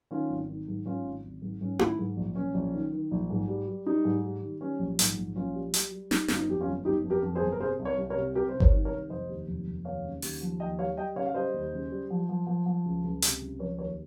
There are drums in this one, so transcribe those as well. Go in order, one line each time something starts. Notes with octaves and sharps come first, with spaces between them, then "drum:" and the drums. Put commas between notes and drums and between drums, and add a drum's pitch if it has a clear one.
D#3 C#4 F4
G#1
D#3
G#2
G#2 C#4 F4
G#1
G#1
G#2
G#2 C#4
D#3, drum: tom E4
G#2
A#1
A#1 C#4
A#1
D#3
D#3
A#1
G#2
G3
G3
G3 D#4
G#2
G3
D#3
G3 C#4
A#1
G#2, drum: hi-hat
A#1
A#1 C#4 F4
G3
G3, drum: hi-hat
G3
G3 D#4, drum: snare
G1 F4, drum: snare
D#4
F2 G4
C#4 F4
G1
G1 D#4 G4
F2
G4 A#4
F2
G#4 C5
G1
A#4
C3 G#4 C5
C2
A#4 C#5
C2
A#4 C#5
C3
C2 G4 A#4
C5
C2
A#4 C#5, drum: kick G1
D#3
A#4 C#5
C2
F1 C5 D#5
D#2
F1
F1
D#2 C#5 F5
C#3
D#2, drum: open hi-hat
F3
D#2 D#5 G5
G3 C#5 F5
G3 D#5 G5
C#3 C#5 F5
F5
G3 C5 D#5
D#2
C#3
G3
F3
F3
F3
F3
C#2
C#2
C3, drum: hi-hat
C#2
F3 A#4 C#5
D#2 A#4 C#5